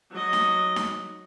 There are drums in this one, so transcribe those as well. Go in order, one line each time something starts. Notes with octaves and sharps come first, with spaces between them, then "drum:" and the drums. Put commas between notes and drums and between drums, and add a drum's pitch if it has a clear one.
F#3 D#5
drum: snare D#4
drum: snare D#4